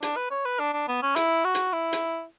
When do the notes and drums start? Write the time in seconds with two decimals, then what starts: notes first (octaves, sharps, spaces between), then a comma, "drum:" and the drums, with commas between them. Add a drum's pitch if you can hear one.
0.03 D4, drum: hi-hat
0.16 B4
0.31 C#5
0.45 B4
0.59 D4
0.73 D4
0.88 B3
1.03 C#4
1.16 E4, drum: hi-hat
1.45 F#4
1.55 drum: hi-hat
1.73 E4
1.93 drum: hi-hat